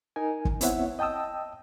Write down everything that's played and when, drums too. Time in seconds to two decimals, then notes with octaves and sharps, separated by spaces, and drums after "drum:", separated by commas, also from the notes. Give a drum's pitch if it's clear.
0.16 D#4 A#4 G#5
0.45 drum: kick
0.61 B3 C4 E4 C#5 E5 F#5, drum: hi-hat
0.99 D#5 G5 A5 D#6 E6